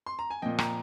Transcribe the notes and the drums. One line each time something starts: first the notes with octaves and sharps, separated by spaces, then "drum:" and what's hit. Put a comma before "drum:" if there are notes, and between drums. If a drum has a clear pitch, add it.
C6
A#5
G#5
A#2 F3 D#5 G5
G5 A#5, drum: rim click